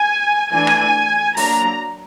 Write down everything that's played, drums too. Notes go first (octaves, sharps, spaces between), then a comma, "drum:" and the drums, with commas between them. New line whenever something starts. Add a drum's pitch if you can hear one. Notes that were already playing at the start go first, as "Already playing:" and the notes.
Already playing: G#5
E3 A3 D4 G#5
drum: rim click
F#3 A#3 D4 A#5, drum: open hi-hat